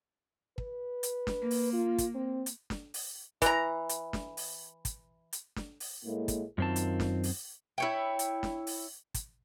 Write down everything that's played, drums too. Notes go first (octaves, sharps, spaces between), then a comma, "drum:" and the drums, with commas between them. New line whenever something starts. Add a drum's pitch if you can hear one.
B4, drum: kick
drum: hi-hat
drum: snare
A#3
drum: open hi-hat
F4
drum: kick, hi-hat
C4
drum: hi-hat
drum: snare
drum: open hi-hat
E3 A#5, drum: kick, hi-hat
drum: hi-hat
drum: snare
drum: open hi-hat
drum: kick, hi-hat
drum: hi-hat
drum: snare
drum: open hi-hat
A2 G#3 A#3
drum: kick, hi-hat
F#2 D#3 C4 F4 A5
drum: hi-hat
drum: snare
drum: open hi-hat
E4 C#5 G5
drum: hi-hat
drum: snare
drum: open hi-hat
drum: kick, hi-hat